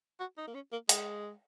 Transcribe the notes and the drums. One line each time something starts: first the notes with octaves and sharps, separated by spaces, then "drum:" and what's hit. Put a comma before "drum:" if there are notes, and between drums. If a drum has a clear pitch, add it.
F#4
D#4
A#3
C#4
A#3
G#3, drum: hi-hat